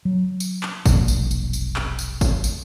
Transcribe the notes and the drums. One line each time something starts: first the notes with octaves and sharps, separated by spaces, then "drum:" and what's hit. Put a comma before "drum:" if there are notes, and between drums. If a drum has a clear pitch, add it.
F#3
drum: tambourine
drum: clap
E1 A#1 F#2 A#2, drum: kick, tambourine
drum: tambourine
drum: tambourine
drum: tambourine
drum: clap
drum: tambourine
drum: kick, tambourine
drum: tambourine